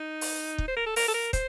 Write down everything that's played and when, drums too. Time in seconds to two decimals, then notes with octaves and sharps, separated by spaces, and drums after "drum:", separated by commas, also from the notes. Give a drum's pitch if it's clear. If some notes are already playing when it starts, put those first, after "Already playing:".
Already playing: D#4
0.21 drum: open hi-hat
0.58 drum: kick
0.68 C5
0.77 A#4
0.87 A4
0.96 A#4, drum: open hi-hat
1.08 A4
1.14 A#4
1.33 C5, drum: kick, hi-hat